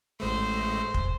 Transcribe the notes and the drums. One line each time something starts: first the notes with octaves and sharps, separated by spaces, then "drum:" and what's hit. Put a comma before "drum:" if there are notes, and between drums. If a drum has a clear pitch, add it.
A1 G#3 A3 C5
drum: kick